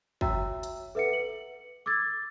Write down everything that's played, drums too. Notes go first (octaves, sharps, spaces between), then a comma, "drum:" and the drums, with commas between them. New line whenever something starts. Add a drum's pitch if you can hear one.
F#4 C#5 E5 G5 A#5 E6, drum: kick
drum: hi-hat
A4 B4 E5 F#5 C#7
F#7
D6 E6 G#6 A6